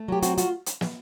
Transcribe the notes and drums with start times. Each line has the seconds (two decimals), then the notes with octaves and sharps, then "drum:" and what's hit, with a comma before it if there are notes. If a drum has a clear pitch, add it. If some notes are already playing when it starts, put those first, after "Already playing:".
Already playing: A3
0.08 F#3 G4
0.22 C4 F#4, drum: hi-hat
0.38 F4 F#4, drum: hi-hat
0.66 drum: hi-hat
0.81 drum: snare